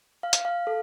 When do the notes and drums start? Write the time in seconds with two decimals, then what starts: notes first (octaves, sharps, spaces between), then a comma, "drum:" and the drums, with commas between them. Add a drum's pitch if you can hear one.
0.23 F5
0.33 drum: hi-hat
0.45 F5
0.67 A4